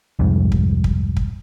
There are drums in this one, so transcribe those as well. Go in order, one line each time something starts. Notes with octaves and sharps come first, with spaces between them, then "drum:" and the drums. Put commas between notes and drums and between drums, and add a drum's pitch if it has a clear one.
C2 F2 G#2
drum: kick
drum: kick
drum: kick